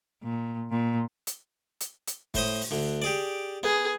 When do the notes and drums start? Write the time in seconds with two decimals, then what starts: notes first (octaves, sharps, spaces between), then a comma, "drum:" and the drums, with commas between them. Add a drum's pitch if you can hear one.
0.23 A#2
0.70 A#2
1.27 drum: hi-hat
1.81 drum: hi-hat
2.07 drum: hi-hat
2.34 A2 C5 D#6, drum: kick G1, open hi-hat
2.61 drum: open hi-hat
2.71 D2 D3
3.02 G4 G#4 D5
3.63 B3 G#4